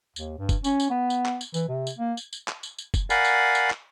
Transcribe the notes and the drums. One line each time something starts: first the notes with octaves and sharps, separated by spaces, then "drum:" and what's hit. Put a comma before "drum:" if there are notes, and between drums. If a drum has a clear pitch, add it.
D#2, drum: tambourine
G2
drum: kick F1, tambourine
C#4, drum: tambourine
drum: tambourine
B3
drum: tambourine
drum: clap
drum: tambourine
E3, drum: tambourine
C3
drum: tambourine
A#3
drum: tambourine
drum: tambourine
drum: clap
drum: tambourine
drum: tambourine
drum: kick F1, tambourine
A#4 D5 F5 F#5 G#5 B5, drum: tambourine
drum: tambourine
drum: tambourine
drum: clap